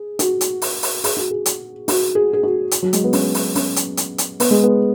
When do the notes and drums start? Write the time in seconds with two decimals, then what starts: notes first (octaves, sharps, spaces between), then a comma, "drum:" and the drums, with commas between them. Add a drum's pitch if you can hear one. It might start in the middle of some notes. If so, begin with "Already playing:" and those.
Already playing: G#4
0.19 F#4, drum: hi-hat
0.41 drum: hi-hat
0.62 drum: open hi-hat
0.83 drum: open hi-hat
1.04 G#4, drum: open hi-hat
1.17 F#4
1.31 G#4
1.46 drum: hi-hat
1.88 F#4, drum: open hi-hat
2.15 G#4
2.33 G#4
2.43 F#4
2.71 drum: hi-hat
2.82 F#3
2.93 G#3, drum: hi-hat
3.04 B3
3.13 C#4, drum: open hi-hat
3.34 drum: open hi-hat
3.55 C#4, drum: open hi-hat
3.76 drum: hi-hat
3.97 drum: hi-hat
4.18 drum: hi-hat
4.40 B3, drum: open hi-hat
4.51 G#3
4.63 B3